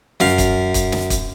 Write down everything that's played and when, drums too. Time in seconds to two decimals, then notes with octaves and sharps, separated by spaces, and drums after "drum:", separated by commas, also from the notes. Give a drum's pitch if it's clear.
0.20 F#2 F5, drum: snare
0.38 drum: kick, hi-hat
0.74 drum: kick, hi-hat
0.92 drum: snare
1.10 drum: kick, hi-hat